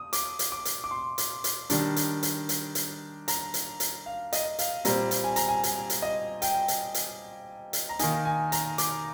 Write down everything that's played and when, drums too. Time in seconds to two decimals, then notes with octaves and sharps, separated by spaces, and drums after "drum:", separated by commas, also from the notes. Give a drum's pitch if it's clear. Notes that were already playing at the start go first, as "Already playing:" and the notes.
Already playing: D#6
0.13 D6, drum: hi-hat
0.39 drum: hi-hat
0.52 D6
0.65 drum: hi-hat
0.84 D6
0.91 C6
1.18 drum: hi-hat
1.44 drum: hi-hat
1.70 D#3 G3 D4, drum: hi-hat
1.96 drum: hi-hat
2.23 drum: hi-hat
2.49 drum: hi-hat
2.75 drum: hi-hat
3.28 A#5, drum: hi-hat
3.54 drum: hi-hat
3.80 drum: hi-hat
4.06 F5
4.33 D#5, drum: hi-hat
4.59 F5, drum: hi-hat
4.85 A#2 G3 C4 A#5, drum: hi-hat
5.11 drum: hi-hat
5.24 G#5
5.36 A#5, drum: hi-hat
5.48 G#5
5.63 G#5, drum: hi-hat
5.90 drum: hi-hat
6.02 D#5
6.42 G5, drum: hi-hat
6.68 drum: hi-hat
6.94 drum: hi-hat
7.73 drum: hi-hat
7.89 A#5
7.99 D#3 A#3 D#4 G#5, drum: hi-hat
8.25 G#5
8.52 A#5, drum: hi-hat
8.78 D6, drum: hi-hat